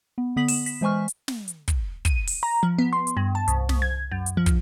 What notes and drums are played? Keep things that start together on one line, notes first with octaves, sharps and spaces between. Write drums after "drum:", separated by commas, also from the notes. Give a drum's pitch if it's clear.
B3
D3 B3 D#6 B6 F#7
E7, drum: open hi-hat
B6, drum: hi-hat
E3 G#3 C5 G#5 C#6 F6
drum: hi-hat
drum: snare
drum: hi-hat
drum: kick, hi-hat
D#7, drum: kick, hi-hat
drum: open hi-hat
A#5
F3
B3
C6
drum: hi-hat
G2
A5
C2, drum: hi-hat
C2, drum: snare
G#6
F#2
drum: hi-hat
F3
drum: kick, hi-hat